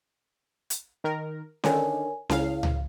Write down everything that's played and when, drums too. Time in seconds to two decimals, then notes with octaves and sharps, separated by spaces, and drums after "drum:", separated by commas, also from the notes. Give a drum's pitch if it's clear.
0.70 drum: hi-hat
1.04 D#3 A#4
1.64 D3 D#3 A#4 C#5 G#5, drum: snare C#4
2.30 C#2 C#3 E4 F5, drum: snare C#4
2.63 drum: tom C#2